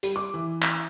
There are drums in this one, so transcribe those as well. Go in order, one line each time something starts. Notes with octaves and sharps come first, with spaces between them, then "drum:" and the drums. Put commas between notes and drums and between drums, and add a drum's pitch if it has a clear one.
G3, drum: hi-hat
D6
E3
drum: clap